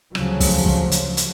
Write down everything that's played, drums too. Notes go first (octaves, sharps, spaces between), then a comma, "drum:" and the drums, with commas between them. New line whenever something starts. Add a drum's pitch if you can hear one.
D2 C#3 F3 F#3, drum: rim click
drum: kick, open hi-hat
drum: kick
drum: hi-hat
drum: hi-hat